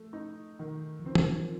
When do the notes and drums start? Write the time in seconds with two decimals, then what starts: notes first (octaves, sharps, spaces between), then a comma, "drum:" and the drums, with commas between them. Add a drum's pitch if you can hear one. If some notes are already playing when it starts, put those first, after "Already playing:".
Already playing: F3 A3
0.13 D#4
0.59 D#3
1.00 F3
1.06 D#3 C4
1.15 drum: tom
1.37 F3